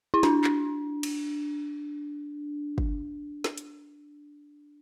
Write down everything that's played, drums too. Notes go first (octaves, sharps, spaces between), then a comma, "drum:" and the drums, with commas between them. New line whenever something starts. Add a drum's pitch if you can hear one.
E4
D4, drum: snare
drum: clap
drum: cymbal
drum: kick
drum: snare
drum: hi-hat